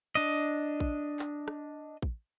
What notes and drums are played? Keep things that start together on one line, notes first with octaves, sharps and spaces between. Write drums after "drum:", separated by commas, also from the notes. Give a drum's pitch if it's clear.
D4 D#5, drum: hi-hat
drum: kick A1
drum: clap
drum: rim click
drum: kick A1